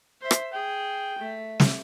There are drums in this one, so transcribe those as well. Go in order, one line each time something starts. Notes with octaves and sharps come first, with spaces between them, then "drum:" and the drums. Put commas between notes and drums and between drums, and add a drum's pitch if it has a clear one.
C5 E5
drum: rim click
G#4 G5
A3 E5
drum: snare